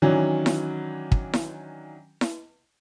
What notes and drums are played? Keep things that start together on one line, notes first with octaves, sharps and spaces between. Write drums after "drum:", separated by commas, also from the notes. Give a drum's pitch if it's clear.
D#3 E3 F#3 C#4 D4
drum: snare E4
drum: kick
drum: snare E4
drum: snare E4